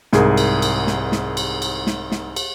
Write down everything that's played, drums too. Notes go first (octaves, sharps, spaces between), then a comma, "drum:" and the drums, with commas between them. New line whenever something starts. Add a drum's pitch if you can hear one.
C2 G#2 G#4 A#4, drum: snare
drum: cymbal
drum: cymbal
drum: snare
drum: snare
drum: cymbal
drum: cymbal
drum: snare
drum: snare
drum: cymbal